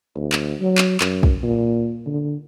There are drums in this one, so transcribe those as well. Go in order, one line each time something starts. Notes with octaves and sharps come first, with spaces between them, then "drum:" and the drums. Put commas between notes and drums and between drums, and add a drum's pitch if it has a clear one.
D2
drum: clap
F#3
drum: clap
F#2, drum: clap
drum: kick
A#2
D3